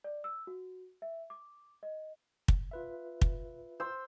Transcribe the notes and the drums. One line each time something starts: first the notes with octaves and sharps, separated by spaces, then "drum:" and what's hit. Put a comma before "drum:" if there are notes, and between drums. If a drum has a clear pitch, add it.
D5
E6
F#4
E5
D6
D#5
drum: kick
F4 B4 E5
drum: kick
C5 E6